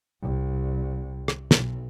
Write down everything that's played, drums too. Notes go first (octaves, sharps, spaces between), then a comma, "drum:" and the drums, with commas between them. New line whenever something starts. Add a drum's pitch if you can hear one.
C2
drum: rim click
B1, drum: snare